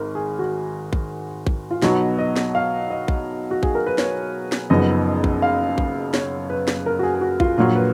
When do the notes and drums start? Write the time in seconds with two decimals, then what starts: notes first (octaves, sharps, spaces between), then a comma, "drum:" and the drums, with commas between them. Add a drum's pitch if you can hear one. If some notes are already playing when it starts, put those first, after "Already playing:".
Already playing: G#1 A#4
0.15 G#4
0.39 F#4
0.93 drum: kick A#1
1.47 drum: kick A#1
1.71 F4
1.82 B1 B2 F#3 B3 F#4, drum: snare
2.19 D#5
2.36 drum: snare
2.55 F5
2.90 D#5
3.08 drum: kick A#1
3.51 F#4
3.63 G#4, drum: kick A#1
3.75 A#4
3.86 B4
3.98 C#5, drum: snare
4.52 drum: snare
4.70 F#1 F#2 F3 B3 D#4 D#5
5.24 drum: kick A#1
5.42 F5
5.78 drum: kick A#1
6.14 C#5, drum: snare
6.50 B4
6.68 drum: snare
6.86 A#4
6.99 F#4
7.03 G#4
7.15 G#4
7.21 F#4
7.40 F4, drum: kick A#1
7.57 A#1 A#2 F#3 F4
7.75 B4